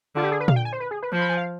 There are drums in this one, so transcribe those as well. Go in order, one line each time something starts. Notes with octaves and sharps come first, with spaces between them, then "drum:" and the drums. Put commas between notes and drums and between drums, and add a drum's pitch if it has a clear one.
D3 F4
G4
G#4
B4
F5, drum: tom A#2
G5
G#5
C5
B4
G#4
B4
F3 C5
B5
G#5
F5